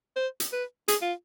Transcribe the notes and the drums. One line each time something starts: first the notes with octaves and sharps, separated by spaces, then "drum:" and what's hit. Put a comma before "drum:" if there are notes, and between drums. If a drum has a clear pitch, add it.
C5
drum: hi-hat
B4
G#4, drum: hi-hat
F4